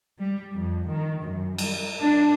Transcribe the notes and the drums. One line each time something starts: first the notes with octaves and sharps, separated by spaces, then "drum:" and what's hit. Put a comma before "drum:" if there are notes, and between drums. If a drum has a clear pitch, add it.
G3
F2
D#3
F#2
G3, drum: cymbal
D4